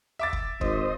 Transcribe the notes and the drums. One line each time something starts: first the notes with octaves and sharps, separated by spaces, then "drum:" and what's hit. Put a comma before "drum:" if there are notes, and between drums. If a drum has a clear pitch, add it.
E5 D6 A6
drum: kick
G#1 C5 D#5, drum: kick